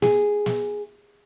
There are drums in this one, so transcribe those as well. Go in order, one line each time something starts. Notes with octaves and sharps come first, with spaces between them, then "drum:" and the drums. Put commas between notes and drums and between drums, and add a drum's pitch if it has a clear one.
G#4, drum: snare
drum: snare